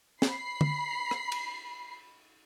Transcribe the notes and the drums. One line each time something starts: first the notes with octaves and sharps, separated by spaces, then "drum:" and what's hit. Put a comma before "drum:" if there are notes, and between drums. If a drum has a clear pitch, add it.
B5 C7, drum: snare
drum: tom D3
drum: rim click
drum: cymbal